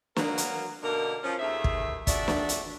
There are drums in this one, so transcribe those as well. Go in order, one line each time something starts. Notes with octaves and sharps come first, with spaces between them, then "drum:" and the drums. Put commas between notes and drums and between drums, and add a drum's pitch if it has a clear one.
F#3 A#3 B3 F#4 A#4, drum: snare
drum: hi-hat
B2 D3 A#3 D#4 A#4
F3 C#4
D#2 D#3 A3 G#4 E5
drum: kick
F2 D4 F#4 G#4 D5 E5, drum: kick, hi-hat
drum: snare
drum: hi-hat